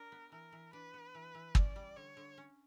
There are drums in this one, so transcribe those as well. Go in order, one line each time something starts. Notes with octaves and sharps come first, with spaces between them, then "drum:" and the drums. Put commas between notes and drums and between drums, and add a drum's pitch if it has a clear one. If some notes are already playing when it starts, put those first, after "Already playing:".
Already playing: D4 A#4
B3
E3 A#4
E3
D4 B4
B3
E3
E3
C#4 D5, drum: kick
G3
D3 C#5
D3
C#4